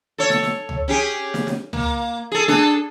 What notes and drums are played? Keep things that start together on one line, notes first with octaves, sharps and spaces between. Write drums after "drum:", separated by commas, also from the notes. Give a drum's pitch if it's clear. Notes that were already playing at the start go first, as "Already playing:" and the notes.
A4 C#5
drum: snare
drum: snare
drum: tom C#2
C#4 G4 G#4
drum: snare
drum: snare
A#3, drum: tom C#2
G#4 A4
D4 G#4 A4, drum: snare